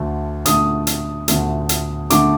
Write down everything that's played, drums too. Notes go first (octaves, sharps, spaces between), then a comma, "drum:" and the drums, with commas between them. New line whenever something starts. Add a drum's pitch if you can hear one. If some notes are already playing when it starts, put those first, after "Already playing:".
Already playing: D2 D3 A3
D2 D3 A3 D#6, drum: hi-hat
drum: hi-hat
D2 D3 A3, drum: hi-hat
drum: hi-hat
D3 A3 D6, drum: hi-hat